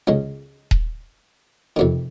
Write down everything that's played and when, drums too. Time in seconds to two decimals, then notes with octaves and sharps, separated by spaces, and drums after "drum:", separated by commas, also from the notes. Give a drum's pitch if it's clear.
0.07 C#2 C#3 G#3
0.71 drum: kick D#1
1.76 F2 C3 D#3